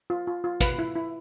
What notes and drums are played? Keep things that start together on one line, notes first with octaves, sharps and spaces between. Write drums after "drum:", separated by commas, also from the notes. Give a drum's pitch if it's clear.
F4
F4
F4
B4 F5, drum: kick, hi-hat
E4
E4